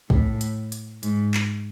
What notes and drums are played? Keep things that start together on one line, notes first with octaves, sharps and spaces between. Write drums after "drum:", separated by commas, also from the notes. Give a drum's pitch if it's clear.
A2, drum: kick
drum: hi-hat
drum: hi-hat
G#2, drum: hi-hat
drum: clap